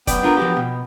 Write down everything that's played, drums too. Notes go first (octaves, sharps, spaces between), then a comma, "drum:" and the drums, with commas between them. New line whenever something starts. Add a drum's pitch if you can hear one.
F#2 B3 D5 G5, drum: kick F1, hi-hat
D4 F4 A#4
F3 F#4 G4
B2